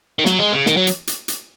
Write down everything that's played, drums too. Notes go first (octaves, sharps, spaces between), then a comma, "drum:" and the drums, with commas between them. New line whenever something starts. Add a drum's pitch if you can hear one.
D#3
F#3, drum: snare
G#3
C#3
D#3, drum: snare
F#3
drum: hi-hat
drum: hi-hat
drum: hi-hat